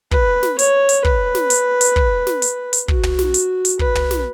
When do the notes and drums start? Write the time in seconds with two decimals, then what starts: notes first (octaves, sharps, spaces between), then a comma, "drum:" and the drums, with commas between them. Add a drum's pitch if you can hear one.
0.12 B4, drum: kick
0.43 drum: snare
0.59 C#5, drum: hi-hat
0.89 drum: hi-hat
1.05 B4, drum: kick
1.35 drum: snare
1.50 drum: hi-hat
1.81 drum: hi-hat
1.96 drum: kick
2.27 drum: snare
2.42 drum: hi-hat
2.73 drum: hi-hat
2.88 F#4, drum: kick
3.03 drum: tom
3.19 drum: snare
3.34 drum: hi-hat
3.65 drum: hi-hat
3.79 B4, drum: kick
3.95 drum: tom
4.11 drum: snare